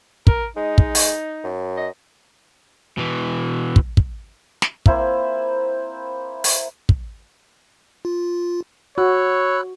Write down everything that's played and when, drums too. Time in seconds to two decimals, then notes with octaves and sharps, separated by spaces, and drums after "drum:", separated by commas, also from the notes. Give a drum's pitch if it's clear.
0.27 A#4, drum: kick
0.56 G#3 D#4
0.78 drum: kick
0.95 drum: open hi-hat
1.44 F#2
1.77 D#5
2.98 B2 E3
3.76 drum: kick
3.97 drum: kick
4.62 drum: snare
4.86 A#3 C4 E4 C5, drum: kick
6.44 drum: open hi-hat
6.89 drum: kick
8.05 F4
8.98 F#4 C#5 B5 E6 F#6